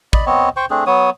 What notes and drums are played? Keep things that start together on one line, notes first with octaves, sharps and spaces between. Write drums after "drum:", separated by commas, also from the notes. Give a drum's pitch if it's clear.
D5 D#5 B5, drum: kick
B3 C4 C#5 D#5
C5 G5 C#6
A3 C4 D4 G#4
F#3 B3 C#5 D#6